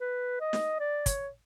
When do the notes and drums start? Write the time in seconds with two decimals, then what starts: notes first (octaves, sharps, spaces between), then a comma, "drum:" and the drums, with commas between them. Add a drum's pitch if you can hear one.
0.01 B4
0.40 D#5
0.53 drum: snare
0.80 D5
1.06 C#5, drum: kick, hi-hat